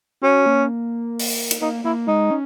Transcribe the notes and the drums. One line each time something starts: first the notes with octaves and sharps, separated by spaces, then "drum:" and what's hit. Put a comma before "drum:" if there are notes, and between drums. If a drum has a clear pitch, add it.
C#4 F#4
A#3
drum: open hi-hat
drum: hi-hat
A#3 D#4
A#3 E4
G#3 D#4
C#4